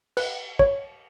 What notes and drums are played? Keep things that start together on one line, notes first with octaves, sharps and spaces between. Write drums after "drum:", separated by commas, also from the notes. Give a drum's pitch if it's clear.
B4, drum: cymbal
C#5, drum: kick